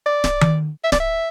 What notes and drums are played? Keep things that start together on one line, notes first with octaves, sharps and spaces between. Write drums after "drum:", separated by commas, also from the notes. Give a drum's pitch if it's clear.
D5
drum: snare D1
drum: tom D#3
E5
D5, drum: snare D1
E5